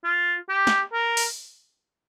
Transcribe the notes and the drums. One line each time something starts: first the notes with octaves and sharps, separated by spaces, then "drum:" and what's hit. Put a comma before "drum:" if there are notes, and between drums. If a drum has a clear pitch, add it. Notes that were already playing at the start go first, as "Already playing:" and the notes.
F4
G4
drum: snare
A#4
drum: open hi-hat